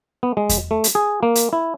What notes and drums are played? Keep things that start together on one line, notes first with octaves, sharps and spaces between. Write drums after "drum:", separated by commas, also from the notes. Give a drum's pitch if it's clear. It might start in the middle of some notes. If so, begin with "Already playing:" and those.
B3
G#3
drum: kick E2, hi-hat
A3
drum: hi-hat
G#4
A#3
drum: hi-hat
E4